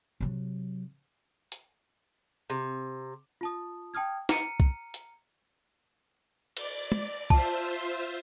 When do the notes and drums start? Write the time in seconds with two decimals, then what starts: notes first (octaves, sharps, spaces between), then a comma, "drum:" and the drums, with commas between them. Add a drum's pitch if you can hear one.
0.21 C3 F#3
1.52 drum: hi-hat
2.50 C3
3.41 F4 A5 D#6
3.94 G5 A5 D#6 F6 G#6
4.29 A#5 F6 C#7 D#7, drum: snare
4.60 drum: kick
4.94 drum: hi-hat
6.57 D5, drum: cymbal
6.92 drum: tom
7.30 F4 C5 E5 A5, drum: kick